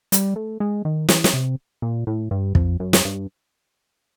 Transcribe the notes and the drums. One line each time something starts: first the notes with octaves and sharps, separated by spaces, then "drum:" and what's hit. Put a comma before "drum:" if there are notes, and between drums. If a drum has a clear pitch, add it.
G3, drum: hi-hat
A3
G#3
D#3
E3, drum: snare
drum: snare
C3
A#2
A2
G2
F2, drum: kick
F#2
drum: snare
G2